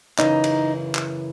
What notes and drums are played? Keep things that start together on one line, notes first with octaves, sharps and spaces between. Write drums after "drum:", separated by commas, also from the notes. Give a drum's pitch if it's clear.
F#2 C#3 E3 D#4, drum: clap
drum: cymbal
drum: clap